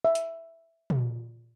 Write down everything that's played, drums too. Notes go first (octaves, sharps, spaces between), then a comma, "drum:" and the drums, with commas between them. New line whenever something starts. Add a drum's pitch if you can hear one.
E5
drum: hi-hat
drum: tom